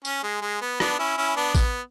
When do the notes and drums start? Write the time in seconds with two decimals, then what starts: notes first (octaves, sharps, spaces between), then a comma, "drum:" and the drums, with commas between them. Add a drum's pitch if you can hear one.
0.05 C#4, drum: tambourine
0.23 G#3
0.42 G#3
0.61 B3
0.80 B3 D4, drum: rim click
0.99 C#4 E4
1.17 C#4 E4
1.36 B3 D4
1.55 B3, drum: kick, tambourine